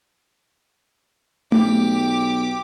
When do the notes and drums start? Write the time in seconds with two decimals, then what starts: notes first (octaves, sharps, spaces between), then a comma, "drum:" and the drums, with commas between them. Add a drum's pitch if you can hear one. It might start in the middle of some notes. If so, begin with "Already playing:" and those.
1.52 B1 G4 D6, drum: tom A3